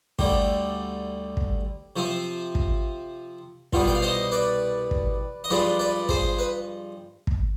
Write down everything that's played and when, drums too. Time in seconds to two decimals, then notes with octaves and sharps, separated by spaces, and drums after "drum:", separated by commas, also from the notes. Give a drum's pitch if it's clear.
0.19 D2 D3 G3 G4, drum: kick
1.37 drum: kick
1.96 C3 F3 C4
2.55 drum: kick
3.73 C2 B2 G3 B3 F4, drum: kick
3.88 G5
3.95 F5
4.02 C5 D#5
4.32 B4 D5
4.91 drum: kick
5.44 D#5
5.50 G2 F3 G#3 B4 D5
5.79 B4 D5
6.09 G#4 C5, drum: kick
6.39 B4
7.27 drum: kick